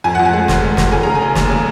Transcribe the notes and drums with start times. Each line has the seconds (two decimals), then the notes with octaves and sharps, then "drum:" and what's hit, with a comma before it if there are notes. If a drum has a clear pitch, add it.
0.04 F2 G#5
0.15 F2 F#5
0.25 G#5
0.34 G#3
0.48 F1, drum: snare
0.63 G#3
0.77 F1, drum: snare
0.92 C#3 G#5
1.03 C#3 A#5
1.15 G#5
1.21 F1
1.35 D#2, drum: snare
1.49 C#3